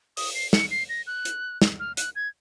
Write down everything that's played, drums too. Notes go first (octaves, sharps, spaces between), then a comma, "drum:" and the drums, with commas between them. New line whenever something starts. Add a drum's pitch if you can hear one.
D#6, drum: open hi-hat
C7
C#7, drum: snare
C7
A#6
F#6
drum: hi-hat
drum: snare
F6
F#6, drum: hi-hat
G#6